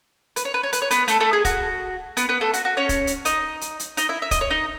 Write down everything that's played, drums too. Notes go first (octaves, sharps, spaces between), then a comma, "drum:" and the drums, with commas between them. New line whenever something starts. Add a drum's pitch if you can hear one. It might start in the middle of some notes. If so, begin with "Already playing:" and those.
B4, drum: hi-hat
C#5
B4
C#5
B4, drum: hi-hat
C#5
B3 B4, drum: hi-hat
A3 A4, drum: hi-hat
A3 A4
G#4
F#4, drum: kick, hi-hat
B3 B4, drum: hi-hat
B3 B4
A3 A4
F#4, drum: hi-hat
F#4
C#4 C#5
drum: kick, hi-hat
drum: hi-hat
D#4 D#5, drum: hi-hat
drum: hi-hat
drum: hi-hat
D#4 D#5, drum: hi-hat
E4 E5
E5
D#5, drum: kick, hi-hat
C#5
D#4 D#5